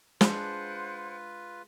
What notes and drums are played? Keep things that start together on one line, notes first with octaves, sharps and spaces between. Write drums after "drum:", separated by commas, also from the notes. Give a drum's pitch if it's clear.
G#3 D4 F4 B4 C5 F#5, drum: snare